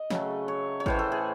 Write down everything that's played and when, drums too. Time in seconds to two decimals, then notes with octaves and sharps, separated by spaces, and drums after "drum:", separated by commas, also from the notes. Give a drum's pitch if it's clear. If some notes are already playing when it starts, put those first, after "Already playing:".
Already playing: D#5
0.10 C#3 F#3 A3, drum: snare
0.48 C#5
0.80 C#5
0.86 A2 E3 A3 C5, drum: kick G#1
0.99 A4
1.12 G#4